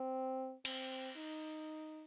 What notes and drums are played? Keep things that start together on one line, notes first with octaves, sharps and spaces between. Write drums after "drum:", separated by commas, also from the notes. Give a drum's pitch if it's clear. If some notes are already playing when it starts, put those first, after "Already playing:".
Already playing: C4
C4, drum: cymbal
D#4